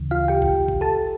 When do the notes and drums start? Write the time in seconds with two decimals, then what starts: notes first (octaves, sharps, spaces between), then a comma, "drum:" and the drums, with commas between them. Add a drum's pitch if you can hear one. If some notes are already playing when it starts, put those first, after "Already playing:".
Already playing: D2 C#3 E3
0.11 F4 F5
0.28 G4 G5
0.42 drum: kick A1
0.68 drum: kick A1
0.81 A4 A5